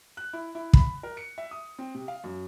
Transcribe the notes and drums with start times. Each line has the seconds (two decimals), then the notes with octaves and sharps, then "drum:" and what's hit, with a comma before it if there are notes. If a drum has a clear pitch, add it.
0.17 F#6
0.33 E4
0.55 E4
0.73 B5, drum: kick
1.03 A#4
1.17 C#7
1.38 E5
1.51 D#6
1.79 C4
1.95 C3
2.08 F5
2.24 F#2